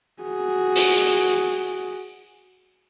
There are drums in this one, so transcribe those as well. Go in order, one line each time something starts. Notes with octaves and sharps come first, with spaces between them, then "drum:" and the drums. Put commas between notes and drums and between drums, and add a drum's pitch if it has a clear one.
F#4 G#4
drum: open hi-hat